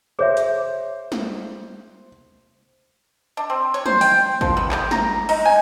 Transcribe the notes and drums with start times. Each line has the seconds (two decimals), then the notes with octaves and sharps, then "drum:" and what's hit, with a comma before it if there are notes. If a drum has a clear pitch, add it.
0.19 G#4 C5 C#5 E5
0.37 drum: hi-hat
1.12 drum: snare
3.37 D4
3.50 C4
3.74 C#5
3.86 C5, drum: tom
4.01 G5, drum: open hi-hat
4.41 F3, drum: kick
4.57 B3
4.71 G4, drum: clap
4.91 A#5, drum: snare
5.29 D#4, drum: cymbal
5.45 G#5